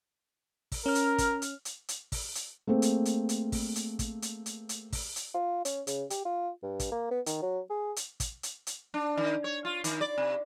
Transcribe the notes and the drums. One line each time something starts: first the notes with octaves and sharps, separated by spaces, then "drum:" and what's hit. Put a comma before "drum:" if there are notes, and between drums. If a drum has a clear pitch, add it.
drum: kick, open hi-hat
C#4 A#4 F6
drum: hi-hat
drum: kick, hi-hat
drum: hi-hat
drum: hi-hat
drum: hi-hat
drum: kick, open hi-hat
drum: hi-hat
A3 A#3 C4 G#4
drum: hi-hat
drum: hi-hat
drum: hi-hat
drum: kick, open hi-hat
drum: hi-hat
drum: kick, hi-hat
drum: hi-hat
drum: hi-hat
drum: hi-hat
drum: kick, open hi-hat
drum: hi-hat
F4
C#4, drum: hi-hat
C#3, drum: hi-hat
G4, drum: hi-hat
F4
G2
drum: kick, hi-hat
A#3
B3
D#3, drum: hi-hat
F#3
G#4
drum: hi-hat
drum: kick, hi-hat
drum: hi-hat
drum: hi-hat
D4
D#3
C#5
F4
D#3, drum: hi-hat
D5
C3